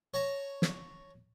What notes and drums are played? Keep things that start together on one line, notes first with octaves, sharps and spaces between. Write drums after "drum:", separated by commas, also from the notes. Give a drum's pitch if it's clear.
C#5 A5 A#5
drum: snare